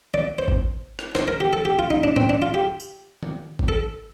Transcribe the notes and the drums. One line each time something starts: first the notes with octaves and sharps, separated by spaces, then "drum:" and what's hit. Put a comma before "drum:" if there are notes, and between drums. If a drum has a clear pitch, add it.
D5, drum: tom D#3
C5
drum: kick G#1
drum: rim click
C5, drum: snare
A#4
G4
A4
G4
F4
D#4
D4
C4, drum: tom A2
D4
F4
G4
drum: tambourine
drum: tom D#3
drum: kick G#1
A4